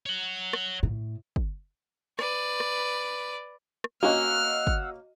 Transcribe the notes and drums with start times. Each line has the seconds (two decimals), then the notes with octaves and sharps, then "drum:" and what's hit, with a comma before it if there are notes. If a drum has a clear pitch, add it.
0.06 C#5 F#5
0.53 drum: rim click
0.83 A2
1.36 drum: kick
2.19 B4 D5, drum: rim click
2.60 drum: rim click
3.84 drum: rim click
4.03 A#3 C#4 F#4 D#5 F5 F#5 E6 F6
4.67 drum: kick